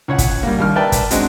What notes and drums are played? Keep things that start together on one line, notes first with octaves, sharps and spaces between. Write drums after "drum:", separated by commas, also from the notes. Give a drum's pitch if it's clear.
C#2 C#5 F#5
drum: kick, hi-hat
G3 A#3
D#2 G3 F6
A#4 B4 D5 E5 G5 A5
drum: kick, hi-hat
F#2 G#3 C4 D4 F#4, drum: hi-hat